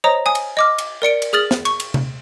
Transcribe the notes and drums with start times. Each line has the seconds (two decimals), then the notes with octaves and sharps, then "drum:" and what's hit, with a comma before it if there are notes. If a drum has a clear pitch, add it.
0.04 C5 C#5 D#5 A#5 D#6
0.26 G#5 D#6
0.35 drum: cymbal
0.57 D#5 D6 F6
0.78 drum: cymbal
1.02 A#4 D5 C#7 D7
1.22 drum: cymbal
1.33 G#4 D#6 F6 A6 F#7
1.51 drum: snare
1.65 C#6, drum: cymbal
1.80 drum: cymbal
1.94 drum: tom C3